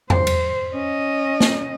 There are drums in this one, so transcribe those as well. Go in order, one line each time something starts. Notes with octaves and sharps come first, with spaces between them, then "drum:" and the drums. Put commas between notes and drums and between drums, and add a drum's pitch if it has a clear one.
C5, drum: tom E2
drum: cymbal
C#4 D#5
drum: snare